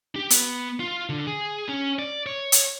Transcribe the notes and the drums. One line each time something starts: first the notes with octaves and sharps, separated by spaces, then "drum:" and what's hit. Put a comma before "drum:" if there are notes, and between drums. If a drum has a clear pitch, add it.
G4
B3, drum: hi-hat
F4
D3
G#4
C#4
D5
C#5
drum: hi-hat